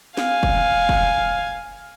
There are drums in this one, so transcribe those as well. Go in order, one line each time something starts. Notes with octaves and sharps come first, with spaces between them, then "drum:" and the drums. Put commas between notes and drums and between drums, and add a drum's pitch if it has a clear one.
F5 G#5, drum: snare
drum: kick
drum: kick